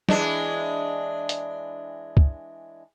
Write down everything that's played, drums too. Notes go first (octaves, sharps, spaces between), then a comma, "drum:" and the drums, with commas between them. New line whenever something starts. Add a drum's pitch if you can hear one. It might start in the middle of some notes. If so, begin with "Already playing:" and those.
E3 G#3 D4, drum: snare
drum: hi-hat
drum: kick